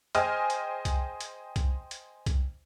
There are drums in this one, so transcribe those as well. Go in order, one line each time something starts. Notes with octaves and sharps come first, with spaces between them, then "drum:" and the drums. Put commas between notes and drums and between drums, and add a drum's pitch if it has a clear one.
G#4 C5 D#5 G5 G#5 F6, drum: hi-hat
drum: hi-hat
drum: kick C2, hi-hat
drum: hi-hat
drum: kick C2, hi-hat
drum: hi-hat
drum: kick C2, hi-hat